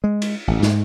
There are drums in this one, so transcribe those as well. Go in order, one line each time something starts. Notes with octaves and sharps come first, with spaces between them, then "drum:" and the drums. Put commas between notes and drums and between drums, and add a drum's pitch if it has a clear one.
G#3
drum: cymbal
A1
G#2, drum: snare